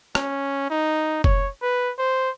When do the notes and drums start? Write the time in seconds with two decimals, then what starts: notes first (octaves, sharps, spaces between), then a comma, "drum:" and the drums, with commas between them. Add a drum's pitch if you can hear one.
0.15 C#4, drum: rim click
0.70 D#4
1.24 C#5, drum: kick
1.62 B4
1.99 C5